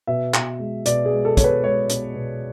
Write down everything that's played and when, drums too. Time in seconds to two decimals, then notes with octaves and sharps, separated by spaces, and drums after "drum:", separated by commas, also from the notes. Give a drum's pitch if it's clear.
0.07 B2 E5
0.34 B2, drum: clap
0.59 G#3
0.86 B2 D5, drum: hi-hat
1.06 G#4
1.12 G#3
1.25 A4
1.37 B2 C#5, drum: kick, hi-hat
1.44 B4
1.64 G#3 C#5
1.89 B2, drum: hi-hat
2.15 B2